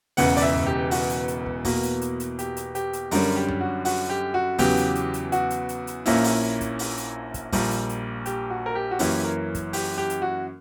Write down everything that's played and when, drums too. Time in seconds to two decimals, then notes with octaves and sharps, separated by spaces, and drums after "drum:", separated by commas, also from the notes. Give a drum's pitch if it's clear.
0.17 E1 E2 C#3 E3 F#5, drum: open hi-hat
0.37 D5, drum: open hi-hat
0.42 E5
0.54 drum: tom F#2
0.66 G4
0.91 F#4, drum: open hi-hat
1.10 drum: hi-hat
1.28 drum: hi-hat
1.46 drum: kick
1.65 E2 B2 A#3, drum: kick, open hi-hat
1.83 drum: hi-hat
2.01 drum: hi-hat
2.20 drum: hi-hat
2.39 G4, drum: hi-hat
2.57 drum: hi-hat
2.75 G4, drum: hi-hat
2.93 drum: hi-hat
3.11 F#2 D3 G3 C#4 A#4, drum: open hi-hat
3.36 G4
3.48 drum: tom F#2
3.61 F#4
3.85 F#4, drum: open hi-hat
4.10 G4
4.34 F#4
4.58 E2 C#3 F#3 B3 G4, drum: kick, open hi-hat
4.77 drum: hi-hat
4.95 drum: hi-hat
5.14 drum: hi-hat
5.32 F#4, drum: hi-hat
5.50 drum: hi-hat
5.69 drum: hi-hat
5.87 drum: hi-hat
6.06 A#1 A#2 A#3 C#4 E4, drum: open hi-hat
6.24 drum: open hi-hat
6.61 drum: kick, hi-hat
6.79 drum: open hi-hat
6.97 drum: hi-hat
7.34 drum: kick, hi-hat
7.52 A#1 A#2 G3 A#3, drum: kick, open hi-hat
7.71 drum: hi-hat
7.89 drum: hi-hat
8.26 G4, drum: hi-hat
8.50 F#4
8.66 A#4
8.75 G4
8.91 F#4
8.99 F#2 E3 A#3 C#4 E4 G4, drum: open hi-hat
9.25 A#4
9.55 drum: kick, hi-hat
9.73 G4, drum: open hi-hat
9.98 G4
10.10 drum: hi-hat
10.22 F#4